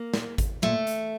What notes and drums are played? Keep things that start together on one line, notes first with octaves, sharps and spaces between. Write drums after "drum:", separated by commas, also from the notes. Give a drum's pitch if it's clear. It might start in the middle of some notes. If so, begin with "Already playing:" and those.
Already playing: A#3
A#2, drum: snare
drum: kick G#1, hi-hat
A#2 A3
drum: hi-hat